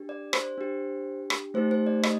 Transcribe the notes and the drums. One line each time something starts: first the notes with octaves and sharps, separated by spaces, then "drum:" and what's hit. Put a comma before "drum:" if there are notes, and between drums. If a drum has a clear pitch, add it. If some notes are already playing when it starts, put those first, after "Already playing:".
Already playing: D4 G4
D5
C5, drum: rim click
D4 G4
drum: rim click
A3 D#4 G4 C5
C5
D5
D#5, drum: rim click